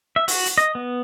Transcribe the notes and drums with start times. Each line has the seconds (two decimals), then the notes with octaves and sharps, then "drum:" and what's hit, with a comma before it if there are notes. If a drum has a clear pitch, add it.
0.16 E5
0.28 F#4, drum: open hi-hat
0.46 drum: hi-hat
0.58 D#5
0.75 B3